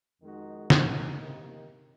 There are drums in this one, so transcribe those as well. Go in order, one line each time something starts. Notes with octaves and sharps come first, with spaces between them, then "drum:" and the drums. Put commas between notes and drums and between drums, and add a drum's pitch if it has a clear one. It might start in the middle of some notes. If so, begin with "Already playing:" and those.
F2 D#3 G#3 D#4 F#4
D#2 C#3 G#3 D#4, drum: snare
C3 D#3 A#3 D#4